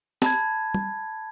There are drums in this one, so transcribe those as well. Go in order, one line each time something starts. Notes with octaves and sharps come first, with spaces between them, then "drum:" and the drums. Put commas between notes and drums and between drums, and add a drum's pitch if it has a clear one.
A5 B5 G#6, drum: snare
drum: tom G3